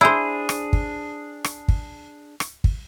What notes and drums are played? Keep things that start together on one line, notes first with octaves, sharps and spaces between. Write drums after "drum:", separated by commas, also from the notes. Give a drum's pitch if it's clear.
D4 E4 G#4 C5
drum: rim click
drum: kick
drum: rim click
drum: kick
drum: rim click
drum: kick